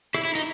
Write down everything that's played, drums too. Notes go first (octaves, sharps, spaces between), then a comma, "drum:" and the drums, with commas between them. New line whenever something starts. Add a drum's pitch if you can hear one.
E4, drum: rim click
E4
D#4, drum: hi-hat